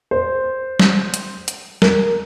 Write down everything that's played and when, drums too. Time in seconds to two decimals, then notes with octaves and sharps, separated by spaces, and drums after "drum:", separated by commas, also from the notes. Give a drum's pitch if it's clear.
0.11 C5
0.80 drum: snare
1.14 drum: hi-hat
1.48 drum: hi-hat
1.82 A#4, drum: snare